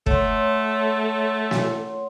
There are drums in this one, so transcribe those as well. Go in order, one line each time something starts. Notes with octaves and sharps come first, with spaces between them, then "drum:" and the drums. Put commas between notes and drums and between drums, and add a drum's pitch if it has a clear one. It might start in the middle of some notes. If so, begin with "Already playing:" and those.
A3 C#5 F#5 C6, drum: kick
drum: snare